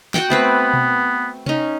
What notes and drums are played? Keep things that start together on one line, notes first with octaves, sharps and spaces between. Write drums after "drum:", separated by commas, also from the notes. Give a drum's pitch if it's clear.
F#4 F#5 G5, drum: snare
A3 B3 C4 B4
drum: tom B2
C#4 D#4, drum: tom C3